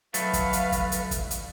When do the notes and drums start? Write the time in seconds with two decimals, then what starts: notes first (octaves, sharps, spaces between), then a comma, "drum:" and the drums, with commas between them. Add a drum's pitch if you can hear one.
0.14 F#3 A3 B4 F5, drum: hi-hat
0.33 drum: kick, hi-hat
0.53 drum: hi-hat
0.72 drum: kick, hi-hat
0.92 drum: hi-hat
1.11 drum: kick, hi-hat
1.31 drum: hi-hat